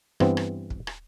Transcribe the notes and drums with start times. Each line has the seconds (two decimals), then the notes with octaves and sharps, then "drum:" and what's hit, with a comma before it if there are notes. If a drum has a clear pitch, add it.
0.20 G2 E3 B3 C4, drum: rim click
0.37 drum: rim click
0.70 drum: kick
0.87 drum: rim click